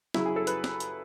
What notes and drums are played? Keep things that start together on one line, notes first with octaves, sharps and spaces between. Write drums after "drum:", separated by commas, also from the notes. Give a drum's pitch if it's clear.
C#3 F#3 E4, drum: snare
G#4
A4
B4, drum: hi-hat
drum: snare
drum: hi-hat